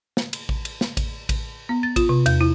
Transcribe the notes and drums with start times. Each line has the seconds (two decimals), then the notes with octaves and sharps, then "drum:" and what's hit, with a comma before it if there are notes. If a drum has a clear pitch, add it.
0.17 drum: snare
0.33 drum: cymbal
0.49 drum: kick A1
0.65 drum: cymbal
0.81 drum: snare
0.97 drum: kick A1, cymbal
1.29 drum: kick A1, cymbal
1.69 B3
1.83 A6
1.96 F4, drum: kick A1, cymbal
2.09 C3
2.26 E2, drum: cymbal
2.41 E4